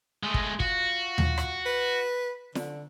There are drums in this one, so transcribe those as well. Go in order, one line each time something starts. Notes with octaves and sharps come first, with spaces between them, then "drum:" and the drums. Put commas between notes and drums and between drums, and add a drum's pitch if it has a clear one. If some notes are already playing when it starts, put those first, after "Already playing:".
G#3 A3
drum: kick
F4 F#4, drum: kick
drum: tom D#2
drum: rim click
B4
D3, drum: snare